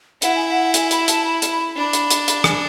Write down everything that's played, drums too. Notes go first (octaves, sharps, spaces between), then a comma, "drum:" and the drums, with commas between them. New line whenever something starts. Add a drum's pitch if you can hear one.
E4 F#5, drum: hi-hat
G#5
F#5
G#5, drum: hi-hat
B5, drum: hi-hat
A5, drum: hi-hat
B5
drum: hi-hat
B5
D4 B5
drum: hi-hat
drum: hi-hat
B5, drum: hi-hat
G#5, drum: rim click